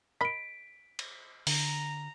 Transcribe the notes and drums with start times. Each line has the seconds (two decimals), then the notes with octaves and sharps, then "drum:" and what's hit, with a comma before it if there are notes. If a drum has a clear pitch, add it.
0.21 A#4 D#5 B5 B6 D7
0.99 drum: cymbal
1.47 D3 A#5, drum: open hi-hat